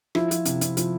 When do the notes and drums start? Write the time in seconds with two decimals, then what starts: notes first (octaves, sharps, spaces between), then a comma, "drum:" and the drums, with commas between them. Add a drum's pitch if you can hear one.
0.15 F3 E4, drum: rim click
0.31 F3, drum: hi-hat
0.45 C3, drum: hi-hat
0.61 C3, drum: hi-hat
0.77 F3, drum: hi-hat